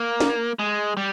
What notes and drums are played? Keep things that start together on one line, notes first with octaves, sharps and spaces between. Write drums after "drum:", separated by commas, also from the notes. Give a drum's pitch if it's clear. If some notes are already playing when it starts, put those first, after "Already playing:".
Already playing: A#3
drum: snare
G#3
G3